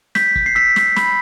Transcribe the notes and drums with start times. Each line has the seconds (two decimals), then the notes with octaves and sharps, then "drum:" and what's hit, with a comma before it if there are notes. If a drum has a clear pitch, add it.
0.15 G6 B6, drum: snare
0.36 drum: kick
0.46 C7
0.55 E6 B6
0.76 drum: snare
0.96 B5, drum: snare